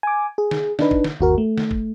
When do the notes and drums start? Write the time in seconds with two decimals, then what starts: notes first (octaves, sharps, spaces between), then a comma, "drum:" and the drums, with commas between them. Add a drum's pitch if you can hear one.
0.03 G#5 D6
0.38 G#4
0.51 drum: snare
0.79 D4 D#4 B4, drum: snare
0.91 drum: kick
1.04 drum: snare
1.19 G1 D#2 F#4 A#4
1.38 A3
1.58 drum: snare
1.71 drum: kick